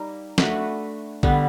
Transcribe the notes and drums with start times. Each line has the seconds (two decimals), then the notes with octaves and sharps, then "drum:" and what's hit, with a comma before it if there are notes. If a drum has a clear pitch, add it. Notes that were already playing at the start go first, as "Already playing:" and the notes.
Already playing: G3 A#3 D#4
0.38 A3 D4 F#4 B4, drum: snare
1.23 D3 G3 B3 D4, drum: kick